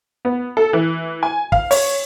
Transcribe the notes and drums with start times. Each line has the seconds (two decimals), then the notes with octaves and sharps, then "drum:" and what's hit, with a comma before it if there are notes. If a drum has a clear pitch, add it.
0.25 B3
0.57 A4
0.73 E3
1.23 G#5
1.52 F5, drum: kick
1.71 C#5, drum: open hi-hat